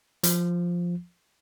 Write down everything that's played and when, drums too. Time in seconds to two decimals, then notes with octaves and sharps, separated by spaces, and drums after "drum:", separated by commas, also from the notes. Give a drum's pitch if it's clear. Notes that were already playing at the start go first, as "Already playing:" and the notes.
0.23 F3, drum: hi-hat